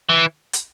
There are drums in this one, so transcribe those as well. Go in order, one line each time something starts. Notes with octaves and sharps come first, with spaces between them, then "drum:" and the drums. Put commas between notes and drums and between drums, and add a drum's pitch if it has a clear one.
E3
drum: hi-hat